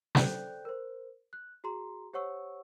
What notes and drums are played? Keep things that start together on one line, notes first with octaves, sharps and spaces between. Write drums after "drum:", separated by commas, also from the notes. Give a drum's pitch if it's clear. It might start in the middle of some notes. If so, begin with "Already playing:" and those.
A4 C5 D5 G5 F#6 G6, drum: snare
A#4 C5
F#6
F#4 G#4 A#5 C6
G4 C5 C#5 F#5 C#6 E6